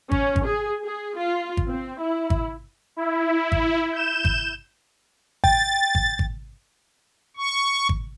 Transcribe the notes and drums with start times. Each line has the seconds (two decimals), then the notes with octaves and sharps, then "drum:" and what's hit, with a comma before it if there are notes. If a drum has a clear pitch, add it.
0.11 C#4, drum: kick G#1
0.36 drum: kick G#1
0.46 G#4
0.84 G#4
1.17 F4
1.57 drum: kick G#1
1.67 C4
2.01 E4
2.30 drum: kick G#1
2.97 E4
3.52 drum: kick G#1
3.93 G6 E7
4.25 drum: kick G#1
5.44 G5 A6, drum: kick G#1
5.95 drum: kick G#1
6.19 drum: kick G#1
7.37 C#6
7.89 drum: kick G#1